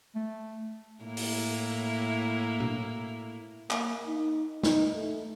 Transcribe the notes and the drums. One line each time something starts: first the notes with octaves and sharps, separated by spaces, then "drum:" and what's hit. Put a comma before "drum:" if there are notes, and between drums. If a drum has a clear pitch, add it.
A3
A2 A#3 E4
drum: open hi-hat
drum: tom
A#3, drum: clap
D#4
D#4, drum: snare
A3